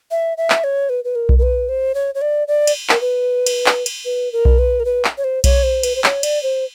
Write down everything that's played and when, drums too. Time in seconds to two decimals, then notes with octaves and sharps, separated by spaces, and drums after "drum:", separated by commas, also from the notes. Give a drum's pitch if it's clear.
0.11 E5
0.37 E5
0.50 drum: clap
0.64 C#5
0.90 B4
1.04 B4
1.15 A#4
1.29 drum: kick B1
1.38 A#4
1.43 B4
1.69 C5
1.95 C#5
2.15 C#5
2.22 D5
2.48 D5
2.67 drum: cymbal
2.89 A#4, drum: clap
3.01 B4
3.47 drum: cymbal
3.66 drum: clap
3.86 drum: cymbal
4.05 B4
4.33 A#4
4.45 drum: kick B1
4.59 B4
4.80 A#4
4.85 B4
5.05 drum: clap
5.18 C#5
5.24 C5
5.44 C#5, drum: kick B1, cymbal
5.63 C5
5.83 B4, drum: cymbal
5.96 C5
6.04 C#5, drum: clap
6.23 D5, drum: cymbal
6.43 C5